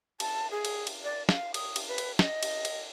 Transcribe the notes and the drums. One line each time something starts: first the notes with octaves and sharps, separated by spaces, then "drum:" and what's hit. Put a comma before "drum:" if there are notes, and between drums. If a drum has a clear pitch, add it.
A5, drum: cymbal
G#4
drum: cymbal
drum: cymbal
D5
F5, drum: snare
D#6, drum: cymbal
drum: cymbal
B4
drum: cymbal
D#5, drum: snare
drum: cymbal
drum: cymbal